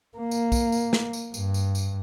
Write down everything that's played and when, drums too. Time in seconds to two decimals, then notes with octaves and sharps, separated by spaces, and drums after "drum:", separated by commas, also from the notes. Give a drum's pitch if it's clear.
0.18 A#3
0.31 drum: tambourine
0.52 drum: kick B1, tambourine
0.72 drum: tambourine
0.93 drum: snare
1.13 drum: tambourine
1.34 G2, drum: tambourine
1.54 drum: tambourine
1.75 drum: tambourine